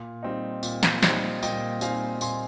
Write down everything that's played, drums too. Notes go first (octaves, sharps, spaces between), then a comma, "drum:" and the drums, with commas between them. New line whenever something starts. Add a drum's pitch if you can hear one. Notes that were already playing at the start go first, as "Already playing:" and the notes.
Already playing: A#2
G3 C4 D#4
A#2, drum: tambourine
drum: snare
G3 C4 D#4, drum: snare
A#2 D#5 G5, drum: tambourine
G3 C4 D#4 F5 G#5, drum: tambourine
A#2 G#5 C6, drum: tambourine